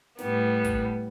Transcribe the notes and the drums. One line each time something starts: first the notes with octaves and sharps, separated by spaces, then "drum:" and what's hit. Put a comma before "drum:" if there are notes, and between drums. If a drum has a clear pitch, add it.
A2 G3 B3, drum: snare
drum: kick, hi-hat